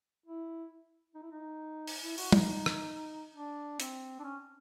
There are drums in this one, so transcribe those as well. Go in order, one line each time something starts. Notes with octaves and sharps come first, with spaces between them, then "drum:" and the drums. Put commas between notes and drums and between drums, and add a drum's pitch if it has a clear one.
E4
D#4
E4
D#4
drum: open hi-hat
E4
F#4, drum: open hi-hat
D#4, drum: tom
drum: rim click
D4
C4, drum: hi-hat
D4
C#4